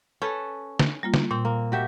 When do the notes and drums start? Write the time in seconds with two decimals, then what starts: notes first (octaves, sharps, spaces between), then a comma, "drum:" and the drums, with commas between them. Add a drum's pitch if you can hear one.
0.22 C#4 A4 B4
0.79 drum: snare
1.03 G3 A#3 F4
1.14 drum: snare
1.31 A#2 C4
1.45 A#3
1.72 F#4 G4 E5